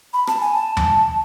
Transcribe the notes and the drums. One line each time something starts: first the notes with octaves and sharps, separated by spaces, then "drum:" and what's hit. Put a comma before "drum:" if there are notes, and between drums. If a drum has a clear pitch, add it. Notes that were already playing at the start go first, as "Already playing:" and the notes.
B5
A5, drum: rim click
G#5
A5
drum: tom D#2